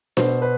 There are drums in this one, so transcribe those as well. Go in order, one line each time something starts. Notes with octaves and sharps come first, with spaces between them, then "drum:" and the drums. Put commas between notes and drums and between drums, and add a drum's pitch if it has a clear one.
B2 C5, drum: snare D4
B4